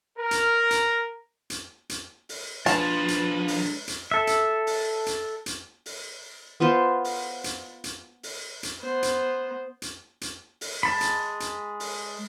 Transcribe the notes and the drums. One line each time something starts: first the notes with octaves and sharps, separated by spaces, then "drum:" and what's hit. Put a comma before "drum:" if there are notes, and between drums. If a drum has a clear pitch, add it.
A#4
drum: hi-hat
drum: hi-hat
drum: hi-hat
drum: hi-hat
drum: open hi-hat
F3 G#3 D4 B4 A5, drum: hi-hat
drum: hi-hat
drum: open hi-hat
drum: hi-hat
A4 E5
drum: hi-hat
drum: open hi-hat
drum: hi-hat
drum: hi-hat
drum: open hi-hat
B3 F4 B4 C5
drum: open hi-hat
drum: hi-hat
drum: hi-hat
drum: open hi-hat
drum: hi-hat
B3 C5
drum: hi-hat
drum: hi-hat
drum: hi-hat
drum: open hi-hat
G#3 A5 B5
drum: hi-hat
drum: hi-hat
drum: open hi-hat